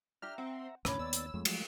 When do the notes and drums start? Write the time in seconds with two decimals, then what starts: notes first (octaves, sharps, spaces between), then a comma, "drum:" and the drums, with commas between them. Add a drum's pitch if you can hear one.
0.22 D4 G4 E5 A#5 F6
0.38 C4 F#5
0.85 D#2 A2 D3 C#4 C#5 B5 D6, drum: rim click
0.99 D#2 B3 D5 E6 A6
1.13 drum: hi-hat
1.34 F2 F3 G#3 A3
1.45 F#3, drum: cymbal